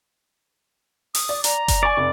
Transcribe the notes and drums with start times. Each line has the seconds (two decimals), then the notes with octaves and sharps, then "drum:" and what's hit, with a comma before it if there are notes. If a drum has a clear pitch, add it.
1.15 D#6, drum: open hi-hat
1.29 D5
1.44 A#5, drum: hi-hat
1.68 drum: kick F#1, hi-hat
1.83 D5 G#5 C#6
1.97 F1